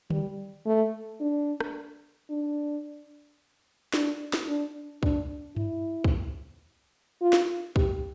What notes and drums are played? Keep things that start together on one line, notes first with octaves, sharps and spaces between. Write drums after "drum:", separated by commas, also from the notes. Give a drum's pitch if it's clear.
G3, drum: tom D3
A3
D4
drum: rim click
D4
D4, drum: snare
drum: snare
D4
D4, drum: kick
E4, drum: tom G2
drum: kick
F4
drum: snare
G4, drum: kick